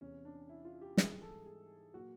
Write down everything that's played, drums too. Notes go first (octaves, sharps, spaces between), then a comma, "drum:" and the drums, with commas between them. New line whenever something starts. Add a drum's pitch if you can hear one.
E2 C3 E3 C#4
D4
E4
F4
G4
G#2 E3 G3 G#4, drum: snare
A4
G#4
A#2 F#3 A#3 F#4